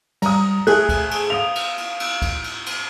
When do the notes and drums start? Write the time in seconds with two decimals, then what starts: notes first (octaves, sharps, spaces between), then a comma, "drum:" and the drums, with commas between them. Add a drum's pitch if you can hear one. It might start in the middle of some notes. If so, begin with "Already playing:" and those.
0.22 G3 A#5 D#6, drum: cymbal
0.67 A3 G#4 F#6, drum: cymbal
0.89 drum: kick, cymbal
1.11 drum: cymbal
1.30 F5 D#6 F7
1.55 drum: cymbal
1.78 drum: cymbal
2.00 drum: cymbal
2.22 drum: kick, cymbal
2.44 drum: cymbal
2.66 drum: cymbal